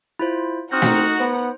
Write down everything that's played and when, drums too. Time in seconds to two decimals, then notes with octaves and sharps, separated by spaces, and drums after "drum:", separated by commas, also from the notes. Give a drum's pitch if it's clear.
0.19 E4 F4 C5
0.72 C4 D#4 F#4 F#5 A#5 D#6 F6 G6
0.82 drum: snare
1.20 B3 C5